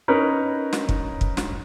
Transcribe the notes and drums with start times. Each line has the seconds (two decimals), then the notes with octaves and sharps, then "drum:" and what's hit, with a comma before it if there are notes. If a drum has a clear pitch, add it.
0.08 C#4 D#4 A#4 B4 C#5
0.73 drum: snare
0.89 drum: kick
1.21 drum: kick
1.37 drum: snare